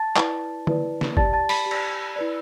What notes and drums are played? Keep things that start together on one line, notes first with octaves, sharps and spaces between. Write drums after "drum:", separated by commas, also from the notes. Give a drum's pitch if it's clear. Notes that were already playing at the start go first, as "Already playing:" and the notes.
Already playing: A5 A6
E4 B4 D5, drum: clap
E4 B4 D5, drum: tom
drum: snare
G4 D5 A5 A6, drum: kick
A5 A6
B5 B6, drum: open hi-hat
G4
D5, drum: cymbal
E4 B4 D5